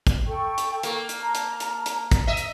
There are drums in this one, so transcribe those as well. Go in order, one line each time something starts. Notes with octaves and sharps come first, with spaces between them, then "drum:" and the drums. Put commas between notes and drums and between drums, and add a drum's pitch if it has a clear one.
drum: kick, hi-hat
A4 G5 C#6
drum: hi-hat
A#3, drum: hi-hat
drum: hi-hat
A5 A#5
drum: hi-hat
drum: hi-hat
drum: hi-hat
drum: kick, hi-hat
D#5 E5
drum: hi-hat